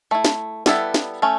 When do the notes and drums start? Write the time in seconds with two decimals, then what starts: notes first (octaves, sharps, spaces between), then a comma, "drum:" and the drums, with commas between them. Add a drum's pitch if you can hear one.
0.11 A3 E4
0.25 drum: snare
0.66 G3 B3 E4 A4, drum: snare
0.94 drum: snare
1.22 A3 C#4